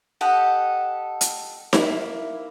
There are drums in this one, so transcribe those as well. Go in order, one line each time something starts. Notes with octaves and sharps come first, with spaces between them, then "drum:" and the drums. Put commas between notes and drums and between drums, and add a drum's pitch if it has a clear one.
G4 A4 D#5 F#5
drum: hi-hat
A#3 E4, drum: snare D#4